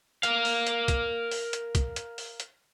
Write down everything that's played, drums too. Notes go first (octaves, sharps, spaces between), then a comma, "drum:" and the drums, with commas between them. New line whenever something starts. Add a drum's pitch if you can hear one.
A#4 F5, drum: hi-hat
drum: open hi-hat
drum: hi-hat
drum: kick, hi-hat
drum: open hi-hat
drum: hi-hat
drum: kick, hi-hat
drum: hi-hat
drum: open hi-hat
drum: hi-hat